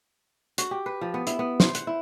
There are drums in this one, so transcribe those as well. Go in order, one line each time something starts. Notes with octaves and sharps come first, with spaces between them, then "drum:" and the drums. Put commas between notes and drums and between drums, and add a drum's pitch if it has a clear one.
F#4, drum: hi-hat
G4
B4
F3
B3
E4, drum: hi-hat
B3
C5, drum: snare
F#5, drum: hi-hat
E4